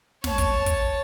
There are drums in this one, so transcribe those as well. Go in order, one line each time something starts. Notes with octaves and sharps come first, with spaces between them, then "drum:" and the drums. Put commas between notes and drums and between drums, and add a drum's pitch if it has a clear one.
C#5 A5, drum: snare
drum: kick, hi-hat
drum: kick, hi-hat